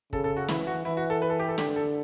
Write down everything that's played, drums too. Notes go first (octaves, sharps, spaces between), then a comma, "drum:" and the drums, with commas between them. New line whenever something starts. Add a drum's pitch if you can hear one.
C#3 A4, drum: kick
A4
F#4
E3 E4, drum: snare
F#4
E3 E4
F#4
A4
B4
A4
G4
A4
D3 G4, drum: snare
A4